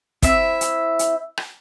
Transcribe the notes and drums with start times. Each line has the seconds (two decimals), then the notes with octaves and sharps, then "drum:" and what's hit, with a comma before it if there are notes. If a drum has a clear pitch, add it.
0.22 C4 E4 E5, drum: kick, hi-hat
0.61 drum: hi-hat
0.99 drum: hi-hat
1.37 drum: rim click